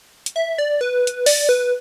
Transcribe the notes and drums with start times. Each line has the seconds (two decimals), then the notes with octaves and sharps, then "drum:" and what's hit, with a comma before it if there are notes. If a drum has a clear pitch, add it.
0.26 drum: hi-hat
0.36 E5
0.58 D5
0.81 B4
1.07 drum: hi-hat
1.26 D5, drum: open hi-hat
1.49 B4